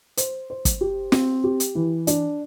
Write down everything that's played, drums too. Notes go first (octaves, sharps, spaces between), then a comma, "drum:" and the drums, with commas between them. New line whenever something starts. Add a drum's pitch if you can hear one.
C5, drum: hi-hat
C5
drum: kick, hi-hat
G4
C4, drum: snare
G4
drum: hi-hat
E3
D4, drum: hi-hat